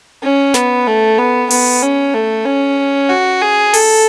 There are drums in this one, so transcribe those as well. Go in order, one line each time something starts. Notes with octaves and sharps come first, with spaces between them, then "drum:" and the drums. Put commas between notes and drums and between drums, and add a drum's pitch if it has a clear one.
C#4
B3, drum: snare
A3
B3
B3, drum: open hi-hat
C#4
A3
C#4
F#4
G#4
A4, drum: open hi-hat